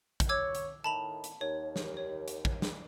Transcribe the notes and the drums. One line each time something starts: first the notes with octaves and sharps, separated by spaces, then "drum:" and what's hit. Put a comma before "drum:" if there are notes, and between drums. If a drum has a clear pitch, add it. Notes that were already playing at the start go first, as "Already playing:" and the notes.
drum: kick, hi-hat
C#5 D6 E6 G#6
drum: hi-hat
A2 D#3 A5 B5 F7
drum: hi-hat
D#2 C#5
drum: snare
C#5
drum: hi-hat
drum: kick
drum: snare